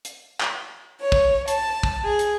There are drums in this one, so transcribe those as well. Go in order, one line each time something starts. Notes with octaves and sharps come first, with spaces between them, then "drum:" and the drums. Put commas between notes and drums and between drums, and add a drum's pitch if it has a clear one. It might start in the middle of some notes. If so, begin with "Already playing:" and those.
drum: hi-hat
drum: clap
C#5
drum: kick
A5, drum: hi-hat
drum: kick
G#4
drum: hi-hat